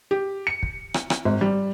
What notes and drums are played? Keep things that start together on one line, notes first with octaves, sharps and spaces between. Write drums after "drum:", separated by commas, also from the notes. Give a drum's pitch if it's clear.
G4
C#7
drum: kick
drum: rim click
drum: rim click
G#1
G3